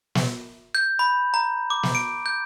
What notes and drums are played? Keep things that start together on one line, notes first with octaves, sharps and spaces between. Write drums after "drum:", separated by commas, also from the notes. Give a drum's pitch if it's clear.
drum: snare
G6
B5
A#5
D6
drum: snare
D7
G6